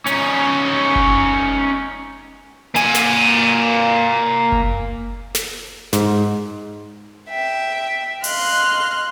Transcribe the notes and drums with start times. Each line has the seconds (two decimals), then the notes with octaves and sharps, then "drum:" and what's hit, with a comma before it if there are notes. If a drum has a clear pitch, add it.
0.07 C#4 D#4, drum: hi-hat
0.96 drum: kick F#1
2.76 A#3 G#5, drum: hi-hat
2.95 drum: snare
4.52 drum: kick F#1
5.35 drum: snare
5.93 G#2, drum: snare
7.30 E5 G5
8.24 D#5 F5 C6 F6 F#6, drum: open hi-hat